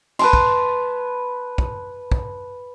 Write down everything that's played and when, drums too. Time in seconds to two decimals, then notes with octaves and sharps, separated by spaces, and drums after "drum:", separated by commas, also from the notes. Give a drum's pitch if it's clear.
0.19 B4 A5 C6, drum: cymbal
0.33 drum: kick
1.58 drum: kick
2.12 drum: kick